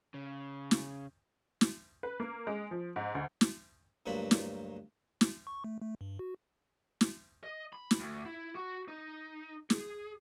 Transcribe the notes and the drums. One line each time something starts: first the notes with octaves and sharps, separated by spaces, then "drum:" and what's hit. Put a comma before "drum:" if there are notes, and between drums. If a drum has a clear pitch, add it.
C#3
drum: snare
drum: snare
B4
A#3
G#3
F3
G#2
D2
drum: snare
D2 G2 F#3 A#3 F4 B5
drum: snare
drum: snare
C#6
A3
A3
G2
F#4
drum: snare
D#5
B5
drum: snare
D2
E4
F#4
D#4
G#4, drum: snare